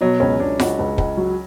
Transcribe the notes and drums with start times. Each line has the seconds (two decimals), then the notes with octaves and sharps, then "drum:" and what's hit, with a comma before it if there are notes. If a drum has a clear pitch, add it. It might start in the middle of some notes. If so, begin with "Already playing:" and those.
0.01 B2 F#3
0.20 C#2 C#4
0.40 C#2 D4
0.60 C#2 F#4, drum: snare F4
0.79 C#2
0.98 C#2, drum: kick
1.17 F#3